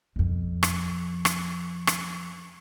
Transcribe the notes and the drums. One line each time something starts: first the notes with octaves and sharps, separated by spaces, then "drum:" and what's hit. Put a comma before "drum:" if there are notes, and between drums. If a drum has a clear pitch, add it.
F2 B2
drum: rim click
drum: rim click
drum: rim click